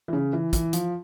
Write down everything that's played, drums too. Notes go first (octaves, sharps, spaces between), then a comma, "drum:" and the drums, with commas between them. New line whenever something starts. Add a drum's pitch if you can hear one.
E3
C#3
E3
E3, drum: kick, hi-hat
F3, drum: hi-hat